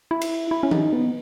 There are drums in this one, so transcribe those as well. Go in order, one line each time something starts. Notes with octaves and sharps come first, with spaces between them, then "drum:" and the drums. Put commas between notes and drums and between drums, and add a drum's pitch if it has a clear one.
E4
drum: cymbal
E4
C#4
D#4, drum: tom D#3
B3